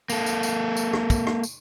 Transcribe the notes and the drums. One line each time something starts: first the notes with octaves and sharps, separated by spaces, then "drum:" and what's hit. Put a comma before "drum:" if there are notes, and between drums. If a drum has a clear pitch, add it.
A#3 A4, drum: tambourine
drum: tambourine
drum: tambourine
drum: tambourine
drum: rim click
drum: kick, tambourine
drum: rim click
drum: tambourine